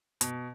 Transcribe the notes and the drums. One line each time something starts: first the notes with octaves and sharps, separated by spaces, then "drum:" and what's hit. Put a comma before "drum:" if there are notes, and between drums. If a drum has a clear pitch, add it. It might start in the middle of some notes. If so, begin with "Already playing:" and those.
B2, drum: hi-hat